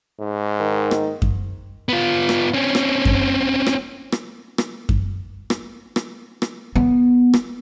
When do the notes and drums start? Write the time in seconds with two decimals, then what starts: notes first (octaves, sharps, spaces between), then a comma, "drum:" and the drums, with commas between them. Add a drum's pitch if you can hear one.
0.20 G#2
0.61 D#3
0.91 drum: rim click
1.22 drum: kick F#2
1.89 B3 F4
2.29 drum: rim click
2.54 C4 C#4
2.75 drum: rim click
3.05 drum: kick F#2
3.66 drum: rim click
4.12 drum: rim click
4.58 drum: rim click
4.89 drum: kick F#2
5.50 drum: rim click
5.96 drum: rim click
6.42 drum: rim click
6.75 B3
7.34 drum: rim click